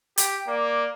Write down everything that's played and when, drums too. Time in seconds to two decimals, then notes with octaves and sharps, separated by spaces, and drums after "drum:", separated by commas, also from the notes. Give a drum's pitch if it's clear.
0.18 G4, drum: hi-hat
0.48 A#3 D5